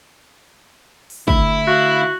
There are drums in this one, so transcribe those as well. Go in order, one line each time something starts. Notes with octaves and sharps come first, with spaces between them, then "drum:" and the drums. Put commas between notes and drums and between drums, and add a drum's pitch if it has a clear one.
drum: open hi-hat
D3 A3 E4, drum: kick
F#4 F5